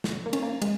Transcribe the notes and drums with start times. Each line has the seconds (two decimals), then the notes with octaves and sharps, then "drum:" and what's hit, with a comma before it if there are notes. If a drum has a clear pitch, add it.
0.04 drum: snare
0.26 A#3
0.33 C#4, drum: cymbal
0.42 A#3
0.62 G#3, drum: cymbal